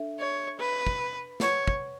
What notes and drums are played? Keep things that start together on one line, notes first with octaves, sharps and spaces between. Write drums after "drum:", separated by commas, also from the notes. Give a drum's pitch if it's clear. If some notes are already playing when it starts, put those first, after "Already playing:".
Already playing: D4 A4 E5
C#5
B4
drum: kick
B4 C#5 F#5 C#6, drum: snare
drum: kick